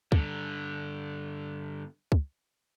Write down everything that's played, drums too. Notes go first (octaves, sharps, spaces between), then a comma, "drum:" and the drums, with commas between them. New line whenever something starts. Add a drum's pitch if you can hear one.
G2 D3, drum: kick
drum: kick